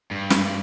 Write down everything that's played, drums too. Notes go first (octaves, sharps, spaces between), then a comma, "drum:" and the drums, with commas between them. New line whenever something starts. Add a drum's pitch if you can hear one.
G2
drum: snare